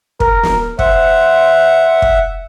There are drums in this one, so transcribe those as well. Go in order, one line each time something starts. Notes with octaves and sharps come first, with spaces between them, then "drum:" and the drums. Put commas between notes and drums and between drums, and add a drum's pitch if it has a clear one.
A#4, drum: kick
drum: snare
C5 E5 F#5, drum: kick
drum: kick